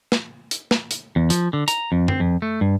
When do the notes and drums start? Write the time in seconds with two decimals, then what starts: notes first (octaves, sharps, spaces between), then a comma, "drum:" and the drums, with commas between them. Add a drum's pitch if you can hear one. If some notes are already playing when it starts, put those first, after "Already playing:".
0.12 drum: snare
0.51 drum: hi-hat
0.71 drum: snare
0.91 drum: hi-hat
1.16 E2
1.30 F3, drum: hi-hat
1.53 D3
1.68 A#5, drum: hi-hat
1.92 F2
2.08 C4, drum: tom F#2
2.20 F2
2.42 A3
2.61 G2